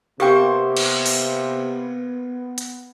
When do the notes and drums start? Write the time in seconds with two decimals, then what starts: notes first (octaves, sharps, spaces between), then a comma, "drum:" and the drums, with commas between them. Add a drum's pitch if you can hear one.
0.20 C3 A#3 B3 G4 C5 G5 C#6
0.77 drum: cymbal
1.06 drum: open hi-hat
2.58 drum: hi-hat